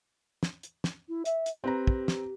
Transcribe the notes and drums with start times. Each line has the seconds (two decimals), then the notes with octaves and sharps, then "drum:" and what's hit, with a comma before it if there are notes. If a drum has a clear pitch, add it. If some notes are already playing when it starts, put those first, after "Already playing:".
0.43 drum: snare
0.63 drum: hi-hat
0.84 drum: snare
1.09 E4
1.25 E5, drum: hi-hat
1.46 drum: hi-hat
1.64 C4 G4 B4 A#5
1.87 drum: kick
2.08 drum: snare